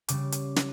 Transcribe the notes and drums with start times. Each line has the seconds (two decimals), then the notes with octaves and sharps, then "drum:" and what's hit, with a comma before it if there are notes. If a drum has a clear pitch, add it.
0.08 C#3 G3 D6, drum: hi-hat
0.32 drum: hi-hat
0.56 drum: snare